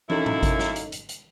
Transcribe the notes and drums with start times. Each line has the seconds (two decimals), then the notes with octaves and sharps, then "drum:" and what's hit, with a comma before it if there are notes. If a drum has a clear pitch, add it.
0.10 F#2 A#3 C#4 D#4 E4 A4, drum: tom
0.26 drum: tom G#2
0.43 drum: kick G#1, hi-hat
0.59 drum: snare
0.76 drum: hi-hat
0.92 drum: hi-hat
1.09 drum: hi-hat